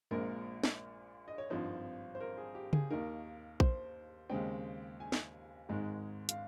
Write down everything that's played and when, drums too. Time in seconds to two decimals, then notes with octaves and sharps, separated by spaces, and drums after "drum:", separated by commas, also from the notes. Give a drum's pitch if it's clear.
0.11 A#1 A#2 G#3 C4 A#4
0.64 drum: snare
1.28 D#5
1.38 C#5
1.50 G#1 G2 F3 C4 D#4 C5
2.15 C5
2.20 A#4
2.37 G#4
2.55 G4
2.73 G#4, drum: tom C#3
2.90 D#2 D#3 A#3 D#4 A#4
3.60 C5, drum: kick A#1
4.30 D#2 C#3 G#3 C4 G5
5.00 G#5
5.12 drum: snare
5.69 G#1 G#2 D#3 G#3
6.29 F5, drum: hi-hat